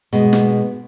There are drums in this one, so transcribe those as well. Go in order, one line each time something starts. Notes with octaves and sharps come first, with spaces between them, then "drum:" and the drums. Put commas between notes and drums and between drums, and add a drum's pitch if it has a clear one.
B2 G#3
drum: snare